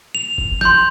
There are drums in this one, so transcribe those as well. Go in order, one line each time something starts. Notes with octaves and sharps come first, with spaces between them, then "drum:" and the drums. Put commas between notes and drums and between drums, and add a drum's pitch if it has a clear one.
F7
drum: kick F#1
C6 G6, drum: snare